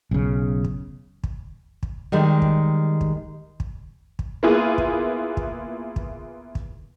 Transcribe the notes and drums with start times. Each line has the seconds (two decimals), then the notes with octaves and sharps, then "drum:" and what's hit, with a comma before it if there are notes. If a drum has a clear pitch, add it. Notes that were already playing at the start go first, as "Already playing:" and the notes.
0.11 B1 C#3
0.64 drum: kick
1.24 drum: kick
1.83 drum: kick
2.12 D#3 G3 G#3
2.42 drum: kick
3.01 drum: kick
3.60 drum: kick
4.19 drum: kick
4.43 A#3 B3 E4 F4 G#4 B4
4.78 drum: kick
5.37 drum: kick
5.96 drum: kick
6.55 drum: kick